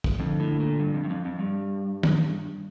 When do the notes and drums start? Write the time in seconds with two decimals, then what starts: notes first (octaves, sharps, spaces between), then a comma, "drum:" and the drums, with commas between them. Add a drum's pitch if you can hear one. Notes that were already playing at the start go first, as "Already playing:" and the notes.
0.04 drum: kick
0.20 F2 D3
0.40 A2
0.60 A#2
0.79 G2
0.94 F2
1.04 G2
1.10 F2
1.25 F2
1.39 G2 G3
2.03 drum: tom